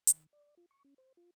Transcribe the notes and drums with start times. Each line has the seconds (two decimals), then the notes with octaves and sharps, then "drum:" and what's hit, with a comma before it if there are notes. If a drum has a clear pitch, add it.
0.07 D#3, drum: hi-hat
0.33 D5
0.57 F4
0.71 C#6
0.85 C#4
0.98 C5
1.17 F4